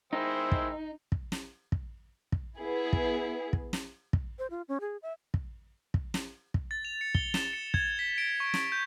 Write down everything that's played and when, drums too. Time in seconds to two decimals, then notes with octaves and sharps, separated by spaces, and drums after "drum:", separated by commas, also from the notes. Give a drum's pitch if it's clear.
0.13 D#3 G#3 D#4 E4 C5 G5 E6
0.52 drum: kick
1.12 drum: kick
1.32 drum: snare
1.72 drum: kick
2.32 drum: kick
2.58 B3 E4 G#4
2.93 drum: kick
3.53 drum: kick
3.73 drum: snare
4.13 drum: kick
4.39 C5
4.50 F4
4.68 C#4
4.81 G#4
5.02 E5
5.34 drum: kick
5.94 drum: kick
6.14 drum: snare
6.54 drum: kick
6.71 A6
6.85 F7
7.01 C#7
7.15 G7, drum: kick
7.34 E7, drum: snare
7.53 C#7
7.74 G#6, drum: kick
7.99 B6
8.18 D7
8.40 C#6
8.54 C#6, drum: snare
8.72 G6